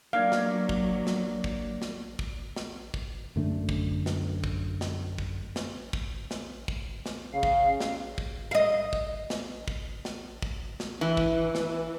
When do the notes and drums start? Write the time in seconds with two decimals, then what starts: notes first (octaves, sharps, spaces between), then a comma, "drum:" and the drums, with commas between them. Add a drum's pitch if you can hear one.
0.13 F#3 A#3 D4 F5 G#6
0.32 drum: snare
0.69 drum: kick
1.07 drum: snare
1.44 drum: kick
1.82 drum: snare
2.19 drum: kick
2.56 drum: snare
2.94 drum: kick
3.36 F#2 D3 A3 D4
3.69 drum: kick
4.06 drum: snare
4.44 drum: kick
4.81 drum: snare
5.18 drum: kick
5.56 drum: snare
5.93 drum: kick
6.31 drum: snare
6.68 drum: kick
7.06 drum: snare
7.34 C#3 F5
7.43 drum: kick
7.80 drum: snare
8.18 drum: kick
8.51 D#5 F5
8.93 drum: kick
9.30 drum: snare
9.68 drum: kick
10.05 drum: snare
10.42 drum: kick
10.80 drum: snare
11.01 E3
11.17 drum: kick
11.55 drum: snare